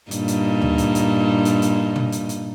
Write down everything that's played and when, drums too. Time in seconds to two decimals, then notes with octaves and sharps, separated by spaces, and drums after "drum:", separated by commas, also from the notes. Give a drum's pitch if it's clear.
0.11 G2 A#2 D#4, drum: hi-hat
0.28 drum: hi-hat
0.61 drum: tom D2
0.78 drum: hi-hat
0.95 drum: hi-hat
1.45 drum: hi-hat
1.62 drum: hi-hat
1.96 drum: tom
2.12 drum: hi-hat
2.29 drum: hi-hat